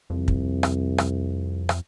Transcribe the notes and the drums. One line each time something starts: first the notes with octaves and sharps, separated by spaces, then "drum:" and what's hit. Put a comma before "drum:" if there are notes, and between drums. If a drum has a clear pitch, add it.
C2 F2
drum: kick
drum: rim click
drum: rim click
drum: rim click